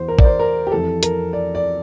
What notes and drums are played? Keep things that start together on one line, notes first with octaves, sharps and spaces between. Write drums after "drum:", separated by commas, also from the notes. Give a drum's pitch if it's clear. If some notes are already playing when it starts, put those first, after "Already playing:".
Already playing: E2 E3 C5
A#4
D5, drum: kick
C5
A#4
G4
F2 E3 A4
A#4, drum: hi-hat
D5
D5